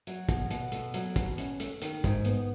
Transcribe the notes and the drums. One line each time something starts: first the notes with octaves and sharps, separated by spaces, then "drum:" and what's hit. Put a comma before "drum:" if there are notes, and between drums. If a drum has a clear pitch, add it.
F#3, drum: hi-hat
B2, drum: kick, hi-hat
B2, drum: hi-hat
A3, drum: hi-hat
F#3, drum: hi-hat
B2, drum: kick, hi-hat
C#4, drum: hi-hat
A3, drum: hi-hat
D#3, drum: hi-hat
G#2, drum: kick, hi-hat
B3, drum: hi-hat